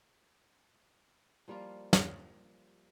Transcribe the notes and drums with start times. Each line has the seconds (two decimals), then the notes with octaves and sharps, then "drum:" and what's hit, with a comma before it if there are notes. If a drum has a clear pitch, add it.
1.48 F3 G3 A#3 F4
1.93 drum: snare